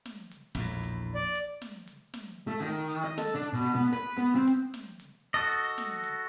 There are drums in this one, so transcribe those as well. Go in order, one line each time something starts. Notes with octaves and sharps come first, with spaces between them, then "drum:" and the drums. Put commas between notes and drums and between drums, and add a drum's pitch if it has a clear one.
drum: snare
drum: hi-hat
A#1 E2 A2, drum: snare
drum: hi-hat
D5
drum: hi-hat
drum: snare
drum: hi-hat
drum: snare
A3
D#3
drum: hi-hat
D#5
A4, drum: snare
D4
drum: hi-hat
B2
B3
B4, drum: hi-hat
B3
C4
drum: hi-hat
drum: snare
drum: hi-hat
F#4 A4 D#5
drum: hi-hat
drum: snare
drum: hi-hat